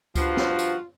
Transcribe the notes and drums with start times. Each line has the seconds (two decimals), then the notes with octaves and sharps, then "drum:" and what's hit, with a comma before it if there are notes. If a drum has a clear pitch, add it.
0.15 G2 F3 F4 F#4, drum: kick C#2, tambourine
0.37 drum: snare
0.59 drum: tambourine